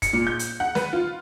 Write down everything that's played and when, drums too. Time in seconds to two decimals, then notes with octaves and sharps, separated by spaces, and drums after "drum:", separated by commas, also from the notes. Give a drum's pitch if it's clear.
0.02 C#7, drum: kick, hi-hat
0.13 A#2
0.27 G6
0.39 drum: hi-hat
0.60 F#5
0.75 B4, drum: snare
0.93 F4